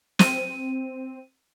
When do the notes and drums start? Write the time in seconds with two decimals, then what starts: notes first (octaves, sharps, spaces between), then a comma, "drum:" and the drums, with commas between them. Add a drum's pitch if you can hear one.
0.19 C4 D#7, drum: snare